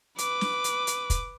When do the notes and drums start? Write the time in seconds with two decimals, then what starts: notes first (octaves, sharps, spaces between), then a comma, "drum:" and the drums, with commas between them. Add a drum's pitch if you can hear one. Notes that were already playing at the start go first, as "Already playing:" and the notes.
0.18 B4 D6, drum: hi-hat
0.41 drum: snare
0.64 drum: hi-hat
0.87 drum: hi-hat
1.10 drum: kick, hi-hat